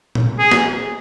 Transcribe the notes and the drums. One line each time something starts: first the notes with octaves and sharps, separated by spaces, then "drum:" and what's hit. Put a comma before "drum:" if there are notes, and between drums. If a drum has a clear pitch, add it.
drum: tom A#2
G#4
drum: snare